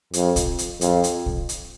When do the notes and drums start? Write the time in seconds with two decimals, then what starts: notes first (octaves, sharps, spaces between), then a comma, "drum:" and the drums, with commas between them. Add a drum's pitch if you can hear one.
0.13 F2, drum: hi-hat
0.36 drum: kick, hi-hat
0.59 drum: hi-hat
0.81 F2, drum: hi-hat
1.04 drum: hi-hat
1.26 drum: kick
1.49 drum: hi-hat